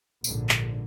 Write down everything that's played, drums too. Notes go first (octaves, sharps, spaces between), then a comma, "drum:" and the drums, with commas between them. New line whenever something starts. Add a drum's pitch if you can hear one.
A#1 G#2 D3, drum: tambourine
drum: clap